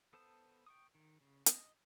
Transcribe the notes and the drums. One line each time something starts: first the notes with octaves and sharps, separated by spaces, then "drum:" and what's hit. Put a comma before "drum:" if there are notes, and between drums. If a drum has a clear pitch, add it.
B3 A4 C5 A5 D#6
G5 C#6 D#6
D#3
C#3
D#5, drum: hi-hat